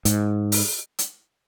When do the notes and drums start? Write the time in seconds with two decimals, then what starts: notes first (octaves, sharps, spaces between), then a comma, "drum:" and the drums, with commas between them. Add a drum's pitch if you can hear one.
0.05 G#2, drum: hi-hat
0.52 drum: open hi-hat
0.99 drum: hi-hat